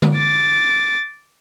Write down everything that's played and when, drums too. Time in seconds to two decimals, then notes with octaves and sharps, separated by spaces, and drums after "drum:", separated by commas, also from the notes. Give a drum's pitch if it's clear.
0.02 drum: tom D3
0.15 D6 A6